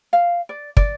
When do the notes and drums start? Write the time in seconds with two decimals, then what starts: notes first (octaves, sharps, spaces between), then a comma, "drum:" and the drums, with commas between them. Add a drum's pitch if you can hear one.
0.13 F5
0.49 D5
0.77 D5, drum: kick